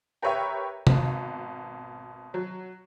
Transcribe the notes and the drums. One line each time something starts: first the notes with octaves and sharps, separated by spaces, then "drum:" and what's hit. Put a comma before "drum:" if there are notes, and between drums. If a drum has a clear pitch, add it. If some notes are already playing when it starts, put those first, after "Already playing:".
G4 A#4 B4 C#5 E5 G5
G#1 B2, drum: tom C3
F#3